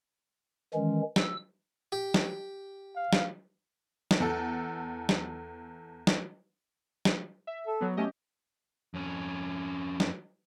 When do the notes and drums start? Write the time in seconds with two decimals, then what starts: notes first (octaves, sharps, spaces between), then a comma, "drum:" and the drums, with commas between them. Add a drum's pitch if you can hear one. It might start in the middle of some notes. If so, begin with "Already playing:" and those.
0.74 D#3 E3 G#3 C#4
1.16 E6, drum: snare
1.92 G4
2.14 drum: snare
2.96 F5
3.13 drum: snare
4.11 drum: snare
4.20 E2 A4
5.09 drum: snare
6.07 drum: snare
7.05 drum: snare
7.47 E5
7.67 A4
7.81 F#3 B3
7.97 A3 C#4 G4 D#5
8.94 F2 C#4
10.00 drum: snare